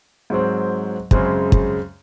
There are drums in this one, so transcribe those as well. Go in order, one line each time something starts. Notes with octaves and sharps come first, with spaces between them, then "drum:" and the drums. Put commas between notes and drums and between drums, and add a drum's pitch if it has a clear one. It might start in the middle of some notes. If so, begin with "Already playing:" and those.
G#2 F#3 C4
F#2 C#3 G#3 C4, drum: kick
drum: kick